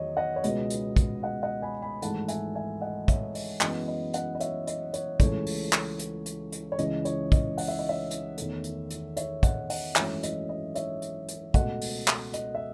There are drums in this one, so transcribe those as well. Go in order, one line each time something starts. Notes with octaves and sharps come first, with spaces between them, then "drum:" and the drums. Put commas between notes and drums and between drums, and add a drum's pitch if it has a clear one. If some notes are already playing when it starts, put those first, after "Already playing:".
Already playing: E2 D#3 F#3 B3 C#5 D#5
D#5 F#5
C#5
C#2 B2 G#3 B3 D#5, drum: hi-hat
drum: hi-hat
drum: kick, hi-hat
D#5 F#5
D#5 F#5
G#5 B5
G#5 B5
G#1 G#2 E3 A3 F#5 A5, drum: hi-hat
E5 G#5, drum: hi-hat
E5 G#5
D#5 F#5
C#5 E5, drum: kick, hi-hat
D#5, drum: open hi-hat
F#2 E3 G#3 B3 D#5, drum: clap
D#5
D#5 F#5, drum: hi-hat
D#5
C#5 E5, drum: hi-hat
D#5, drum: hi-hat
C#5, drum: hi-hat
C#2 C#3 E3 A3 C#5, drum: kick, hi-hat
drum: open hi-hat
drum: clap
drum: hi-hat
drum: hi-hat
drum: hi-hat
C#5
C#2 C#3 E3 D#5, drum: hi-hat
C#5, drum: hi-hat
D#5, drum: kick, hi-hat
F#5, drum: open hi-hat
E5
D#5
C#5 E5
drum: hi-hat
E2 D#3 A3, drum: hi-hat
drum: hi-hat
drum: hi-hat
C#5 E5, drum: hi-hat
D#5 F#5, drum: kick, hi-hat
D#5 F#5, drum: open hi-hat
G#1 F#2 E3 A3 C#5 E5, drum: clap
D#5, drum: hi-hat
D#5
C#5 E5, drum: hi-hat
drum: hi-hat
drum: hi-hat
C#2 B2 A3 D#5 F#5, drum: kick, hi-hat
drum: open hi-hat
drum: clap
D#5, drum: hi-hat
E5